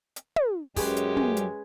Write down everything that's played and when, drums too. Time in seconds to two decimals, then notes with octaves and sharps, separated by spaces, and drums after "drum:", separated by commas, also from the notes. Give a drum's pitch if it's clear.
0.16 drum: hi-hat
0.36 drum: tom
0.76 F#2 G#3 C#4 G4 G#4 B4, drum: kick, open hi-hat
0.96 drum: hi-hat
1.17 drum: tom
1.37 drum: hi-hat